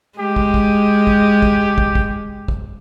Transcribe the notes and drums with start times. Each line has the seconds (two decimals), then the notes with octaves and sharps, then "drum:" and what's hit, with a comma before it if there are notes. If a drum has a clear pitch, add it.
0.19 G#3 G4
0.36 drum: kick
0.54 drum: kick
1.07 drum: kick
1.42 drum: kick
1.78 drum: kick
1.95 drum: kick
2.48 drum: kick